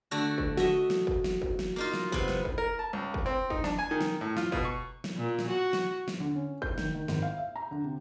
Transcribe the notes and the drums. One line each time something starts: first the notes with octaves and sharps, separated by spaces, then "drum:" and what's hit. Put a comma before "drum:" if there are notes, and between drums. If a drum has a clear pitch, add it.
D3 A3 F#4
drum: kick
F#4 D#5 E5, drum: snare
drum: snare
drum: kick
drum: snare
drum: kick
drum: snare
A#3 D#4 F4
drum: snare
C3 B3, drum: kick
drum: snare
drum: kick
A#4
A5
C#2
drum: kick
C4
D#4, drum: kick
D4, drum: snare
G#5
D#3
drum: snare
A2
F4, drum: snare
B2, drum: kick
C#6
drum: snare
A#2
drum: snare
F#4
drum: snare
drum: snare
D3
C#4
G6, drum: kick
D#3, drum: snare
D#3
G#1, drum: snare
F5
E5
A#5
D3
C3